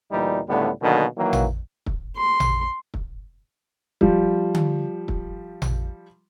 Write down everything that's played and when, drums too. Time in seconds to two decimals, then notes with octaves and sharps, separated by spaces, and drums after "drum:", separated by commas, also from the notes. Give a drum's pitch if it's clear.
0.11 D2 A#2 E3 G3 D#4
0.48 C#2 A2 D3 G3 B3
0.82 B2 D3 D#3 F#3 A#3
1.17 D#3 E3 F#3 A#3
1.33 drum: tom A1
1.86 drum: kick
2.17 C6
2.40 drum: tom A1
2.94 drum: kick
4.01 F3 G3, drum: kick
4.54 drum: tom D3
5.08 drum: kick
5.62 drum: tom A1